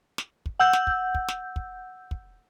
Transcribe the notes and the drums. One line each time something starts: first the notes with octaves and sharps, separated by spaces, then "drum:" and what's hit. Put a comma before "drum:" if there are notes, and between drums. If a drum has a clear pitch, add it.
drum: snare
drum: kick
F#5 E6 G6
drum: snare
drum: kick
drum: kick
drum: snare
drum: kick
drum: kick